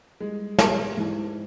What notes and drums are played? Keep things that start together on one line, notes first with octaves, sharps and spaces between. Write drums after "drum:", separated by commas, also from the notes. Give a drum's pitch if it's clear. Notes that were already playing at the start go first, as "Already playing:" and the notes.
G3 G#3
G#3 G4, drum: snare
G#2 E3